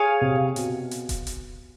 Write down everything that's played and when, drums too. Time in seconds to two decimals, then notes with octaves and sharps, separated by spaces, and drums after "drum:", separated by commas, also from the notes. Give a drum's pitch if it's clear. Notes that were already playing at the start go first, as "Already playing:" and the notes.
Already playing: G#4 C#5 F5 G#5
0.21 C3
0.56 B2, drum: hi-hat
0.91 drum: hi-hat
1.09 drum: kick D#1, hi-hat
1.27 drum: hi-hat